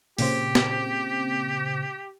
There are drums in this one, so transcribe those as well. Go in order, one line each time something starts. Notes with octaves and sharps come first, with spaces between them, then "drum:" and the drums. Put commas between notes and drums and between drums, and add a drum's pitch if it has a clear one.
A#2 C#3 C4 G4, drum: open hi-hat
drum: snare